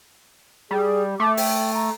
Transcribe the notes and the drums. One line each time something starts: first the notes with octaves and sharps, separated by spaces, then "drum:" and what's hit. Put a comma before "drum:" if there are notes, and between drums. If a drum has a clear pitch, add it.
G3 G#4
A3 D6
G5, drum: open hi-hat
A#5